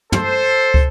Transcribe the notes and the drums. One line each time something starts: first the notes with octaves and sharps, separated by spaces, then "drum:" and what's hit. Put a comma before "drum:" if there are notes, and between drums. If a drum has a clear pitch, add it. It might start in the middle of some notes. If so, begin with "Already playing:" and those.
A4 C5, drum: tom
drum: kick